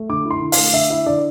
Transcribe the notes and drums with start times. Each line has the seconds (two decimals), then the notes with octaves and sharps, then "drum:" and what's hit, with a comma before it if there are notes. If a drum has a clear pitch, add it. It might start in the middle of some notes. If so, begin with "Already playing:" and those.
Already playing: A3
0.09 D3 D6
0.25 E4
0.31 C6
0.41 D3
0.52 F5, drum: open hi-hat
0.57 A3
0.73 D3 E5
0.90 E4 E5
1.06 D3 D5